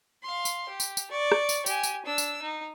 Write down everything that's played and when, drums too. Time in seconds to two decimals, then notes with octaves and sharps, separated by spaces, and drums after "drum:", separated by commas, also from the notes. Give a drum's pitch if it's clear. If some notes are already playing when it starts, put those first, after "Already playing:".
0.23 F5 C6
0.45 drum: tambourine
0.69 G4
0.80 drum: tambourine
0.97 drum: tambourine
1.11 D5 C#6
1.32 drum: rim click
1.49 drum: tambourine
1.66 G4 G#5, drum: tambourine
1.83 drum: tambourine
2.06 D4 E6
2.18 drum: tambourine
2.42 D#4